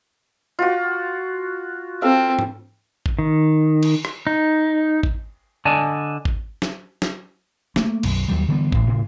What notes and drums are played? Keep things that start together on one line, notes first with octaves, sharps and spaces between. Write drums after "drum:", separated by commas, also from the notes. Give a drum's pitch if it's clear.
F4 F#4
C4 A4 F5
drum: tom G#2
drum: kick G#1
D#3
drum: cymbal
drum: rim click
D#4
drum: kick G#1
D3 D5 D#5 G#5 A5
drum: kick G#1
drum: snare
drum: snare
A3 A#3, drum: snare
B1 F#2, drum: cymbal
D#2 F#3 G3
D3 E3 G3 B3
A1 A2, drum: kick G#1
A2 C#3